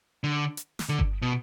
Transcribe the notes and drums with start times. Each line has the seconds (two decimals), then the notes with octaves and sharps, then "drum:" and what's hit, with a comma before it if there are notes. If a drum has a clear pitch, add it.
0.24 D3
0.57 drum: hi-hat
0.79 drum: snare
0.89 D3
0.99 drum: kick G1
1.22 B2